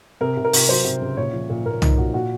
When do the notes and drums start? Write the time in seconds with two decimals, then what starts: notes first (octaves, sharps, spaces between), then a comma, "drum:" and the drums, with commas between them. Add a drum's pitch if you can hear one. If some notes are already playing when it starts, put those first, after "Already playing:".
0.21 C3 A#4
0.37 C3
0.44 A#4
0.53 C3, drum: open hi-hat
0.69 F#3 C5
0.84 C3
1.01 C#2
1.17 A#2 C#5
1.33 F3
1.50 A#2
1.66 A#2 A#4
1.82 F3 D#4, drum: tom
1.98 A#2 F#4
2.14 A#2 F#4